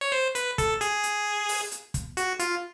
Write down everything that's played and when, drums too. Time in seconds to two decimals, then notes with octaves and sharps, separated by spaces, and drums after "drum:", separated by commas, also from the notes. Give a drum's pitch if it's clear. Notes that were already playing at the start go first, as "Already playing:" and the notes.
0.01 C#5
0.12 C5
0.35 B4, drum: hi-hat
0.58 A4, drum: kick, hi-hat
0.81 G#4, drum: hi-hat
1.03 drum: hi-hat
1.49 drum: open hi-hat
1.71 drum: hi-hat
1.94 drum: kick, hi-hat
2.17 F#4, drum: hi-hat
2.39 F4, drum: hi-hat